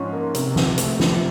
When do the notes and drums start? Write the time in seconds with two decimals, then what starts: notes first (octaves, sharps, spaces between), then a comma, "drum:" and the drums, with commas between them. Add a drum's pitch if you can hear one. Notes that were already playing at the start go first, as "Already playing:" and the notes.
Already playing: G#2 F3 C#4
0.13 A#3
0.35 C3, drum: hi-hat
0.56 C2, drum: snare
0.78 A3, drum: hi-hat
1.00 F3, drum: snare